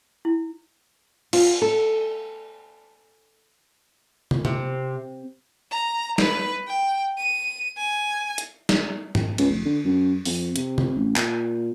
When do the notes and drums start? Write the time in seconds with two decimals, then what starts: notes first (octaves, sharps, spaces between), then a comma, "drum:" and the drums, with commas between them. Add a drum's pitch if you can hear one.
0.25 E4
1.33 F4, drum: cymbal
1.62 A4
4.31 drum: tom
4.45 C3, drum: tom
5.71 A#5
6.18 B4, drum: snare
6.68 G5
7.18 D#7
7.77 G#5
8.38 drum: hi-hat
8.69 drum: snare
9.15 drum: tom G#2
9.38 C#2, drum: cymbal
9.50 F1
9.65 D3
9.85 F#2
10.25 F2, drum: open hi-hat
10.56 C3, drum: hi-hat
10.78 drum: tom
10.96 A1
11.16 A#2, drum: clap